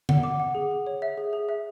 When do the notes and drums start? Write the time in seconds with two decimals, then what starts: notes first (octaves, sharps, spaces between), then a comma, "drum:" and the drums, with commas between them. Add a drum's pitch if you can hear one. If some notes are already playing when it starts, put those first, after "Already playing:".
0.09 F#5, drum: tom D3
0.23 D6
0.40 F#5
0.55 G#4
0.71 G#4
0.87 C#5
1.02 E5
1.18 G#4
1.33 G#4
1.49 E5